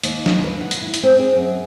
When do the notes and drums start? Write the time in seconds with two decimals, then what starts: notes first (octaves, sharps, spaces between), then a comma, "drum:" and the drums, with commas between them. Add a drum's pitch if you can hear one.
0.03 D#2, drum: hi-hat
0.26 drum: snare
0.44 B4
0.61 F#5
0.71 drum: hi-hat
0.82 E4
0.94 drum: hi-hat
1.03 C4
1.19 G#4
1.35 F#2